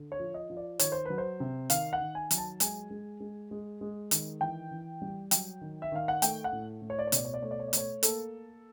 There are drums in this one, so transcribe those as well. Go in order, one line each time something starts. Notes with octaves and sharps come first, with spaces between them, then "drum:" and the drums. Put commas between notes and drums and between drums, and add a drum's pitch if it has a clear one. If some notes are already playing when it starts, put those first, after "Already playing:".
Already playing: D3
C#5
F3
D#5
F3
D5
D#3 C#5, drum: hi-hat
C5
F#3 B4
C5
C3
D#3 F5, drum: hi-hat
F#5
D#3
G#5
F#3, drum: hi-hat
A5
G#3 G#5, drum: hi-hat
G#3
G#3
G#3
G#3
D#3, drum: hi-hat
E3 G5
E3
G3
F#3 G5, drum: hi-hat
D#3
E5
D#3 F5
F#5
A3 G5, drum: hi-hat
F#5
A2
A2
C#5
D5
C#5
B2 D5, drum: hi-hat
C#5
D5
A3 C#5
D5
C#5
D5
A3 C#5, drum: hi-hat
A#3 A4, drum: hi-hat